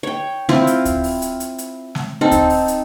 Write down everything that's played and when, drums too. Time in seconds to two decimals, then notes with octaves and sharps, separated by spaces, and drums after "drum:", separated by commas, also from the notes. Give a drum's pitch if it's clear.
0.03 C#5 G5
0.49 C4 E4 F4 G5, drum: snare
0.67 drum: hi-hat
0.85 drum: kick D2, hi-hat
1.04 drum: open hi-hat
1.22 drum: hi-hat
1.40 drum: hi-hat
1.58 drum: hi-hat
1.95 drum: snare
2.21 C4 D#4 A4
2.31 drum: kick D2, hi-hat
2.50 drum: open hi-hat
2.68 drum: hi-hat